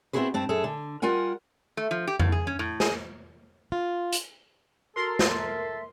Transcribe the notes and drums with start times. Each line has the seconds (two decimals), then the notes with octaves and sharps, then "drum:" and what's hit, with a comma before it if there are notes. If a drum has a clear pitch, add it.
0.13 B3 C4 E4 F#4 G#4 B4
0.34 G2 C4 A5
0.49 F#2 G#4 A4
0.64 D3
1.02 G3 F4 A#4 F#5 G#5
1.77 A3
1.91 F3
2.07 G4
2.19 A2, drum: tom F2
2.32 G#4
2.47 C#4
2.59 A2
2.80 G#4, drum: snare
3.72 F4
4.13 drum: hi-hat
4.96 F#4 A4 A#4 C6
5.19 drum: snare
5.35 E5